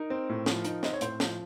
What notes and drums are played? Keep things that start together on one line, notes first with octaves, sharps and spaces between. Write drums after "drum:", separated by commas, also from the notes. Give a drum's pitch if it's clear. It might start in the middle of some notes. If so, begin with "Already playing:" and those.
Already playing: D#4 A#4
C4
A2
F3, drum: snare
D#4, drum: hi-hat
C4 D#5, drum: snare
C#5
A2 C5, drum: hi-hat
F3, drum: snare